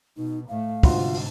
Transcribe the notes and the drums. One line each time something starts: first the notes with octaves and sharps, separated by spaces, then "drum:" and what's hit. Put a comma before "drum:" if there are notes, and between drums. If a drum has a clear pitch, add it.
B2 D#4
A2 A3 F5
G1 G#2 C3 F4 F#4 C6, drum: kick, open hi-hat
drum: open hi-hat